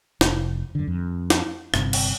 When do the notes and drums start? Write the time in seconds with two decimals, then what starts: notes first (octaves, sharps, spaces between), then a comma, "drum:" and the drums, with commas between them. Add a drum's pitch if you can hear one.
0.21 F1, drum: snare
0.75 F#2 D3
0.88 F2
1.30 drum: snare
1.74 G1 G2 C3, drum: rim click
1.93 drum: cymbal